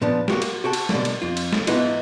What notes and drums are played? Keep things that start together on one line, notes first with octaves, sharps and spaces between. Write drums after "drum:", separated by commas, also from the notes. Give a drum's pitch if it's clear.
A#2 F3 B3 D4
A#3 F#4 G4, drum: snare
drum: cymbal
F#4 G4 A4 F#5
drum: cymbal
B2 D3 G3 A3 A#3, drum: snare
drum: cymbal
F2 F4
drum: cymbal
drum: snare
G#2 E3 A3 B3 D#4 F4, drum: cymbal